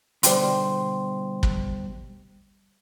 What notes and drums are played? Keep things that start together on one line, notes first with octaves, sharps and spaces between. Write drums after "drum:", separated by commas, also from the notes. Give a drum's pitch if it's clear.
B2 D3 G3 C5 G5 C6, drum: hi-hat
drum: kick